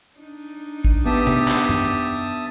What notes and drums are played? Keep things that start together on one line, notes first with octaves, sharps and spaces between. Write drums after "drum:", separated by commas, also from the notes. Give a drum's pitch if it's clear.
D4 D#4
drum: kick
B3 G4 E5 A5 D#6
drum: tom
drum: clap
drum: tom F#2